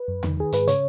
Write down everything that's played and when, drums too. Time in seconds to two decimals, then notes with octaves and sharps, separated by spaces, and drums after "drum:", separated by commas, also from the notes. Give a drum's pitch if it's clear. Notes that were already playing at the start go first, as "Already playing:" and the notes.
Already playing: B4
0.08 F#2
0.23 D#3, drum: tom E2
0.37 D#3 G#4
0.52 G#2 B4, drum: hi-hat
0.68 C#3 C#5, drum: hi-hat